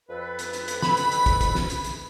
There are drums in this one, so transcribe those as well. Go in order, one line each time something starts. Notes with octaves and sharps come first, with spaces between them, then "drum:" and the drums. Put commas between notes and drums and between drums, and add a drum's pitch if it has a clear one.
F2 A4 B4
drum: hi-hat
drum: hi-hat
drum: hi-hat
B5, drum: snare
drum: hi-hat
drum: hi-hat
drum: kick, hi-hat
drum: kick, hi-hat
drum: snare
drum: hi-hat
drum: hi-hat